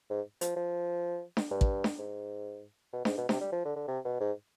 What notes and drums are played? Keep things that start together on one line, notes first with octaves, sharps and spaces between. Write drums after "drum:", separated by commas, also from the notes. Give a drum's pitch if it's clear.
G#2
F3, drum: hi-hat
F3
drum: snare D4
G2
drum: kick
drum: snare D4
G#2
B2
G#2, drum: snare D4
B2
C3, drum: snare D4
G3
F3
D3
D3
C3
B2
G#2